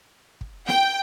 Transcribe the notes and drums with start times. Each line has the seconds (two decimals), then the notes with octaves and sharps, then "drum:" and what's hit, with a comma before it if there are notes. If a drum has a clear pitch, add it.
0.41 drum: kick
0.68 G5, drum: snare